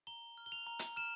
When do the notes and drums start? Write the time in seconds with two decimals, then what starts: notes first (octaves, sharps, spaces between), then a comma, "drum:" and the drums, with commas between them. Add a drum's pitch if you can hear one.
0.07 A#5 G7
0.37 F6
0.46 G7
0.52 F7
0.67 A#5
0.79 drum: hi-hat
0.96 F6 E7